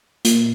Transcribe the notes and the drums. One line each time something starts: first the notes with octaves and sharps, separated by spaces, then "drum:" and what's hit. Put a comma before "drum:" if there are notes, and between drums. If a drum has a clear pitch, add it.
A#2, drum: hi-hat